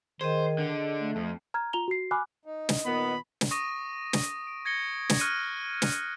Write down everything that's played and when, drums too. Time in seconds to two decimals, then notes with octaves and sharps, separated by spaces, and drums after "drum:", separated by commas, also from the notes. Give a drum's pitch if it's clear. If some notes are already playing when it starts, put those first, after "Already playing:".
0.21 D#3 G#4 C5 D#5
0.58 D3
1.00 A3
1.16 F2
1.54 A#5 F6 G#6
1.73 F4 A#5 F7 G7
1.88 F#4 C7
2.11 G#5 B5 D6 F6 F#6
2.45 D#4
2.69 drum: snare
2.85 A#2 D#3 B3 B5
3.41 drum: snare
3.51 C#6 D#6 A#6 D#7
4.13 drum: snare
4.47 D7
4.65 G#6 A#6 C#7 G7
5.09 drum: snare
5.20 C#6 F6 F#6 C#7 D#7
5.82 drum: snare